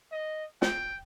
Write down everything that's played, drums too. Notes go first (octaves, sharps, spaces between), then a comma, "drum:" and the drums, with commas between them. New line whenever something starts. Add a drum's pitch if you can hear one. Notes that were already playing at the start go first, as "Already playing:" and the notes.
D#5
G5, drum: snare